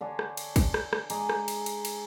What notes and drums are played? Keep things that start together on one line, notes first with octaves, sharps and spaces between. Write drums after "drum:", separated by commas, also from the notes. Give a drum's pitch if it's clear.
D3 D4 C#5 G#5
drum: rim click
drum: cymbal
drum: kick, cymbal
drum: rim click
drum: rim click
G#3 D5 G#5 A#5, drum: cymbal
drum: rim click
drum: cymbal
drum: cymbal
drum: cymbal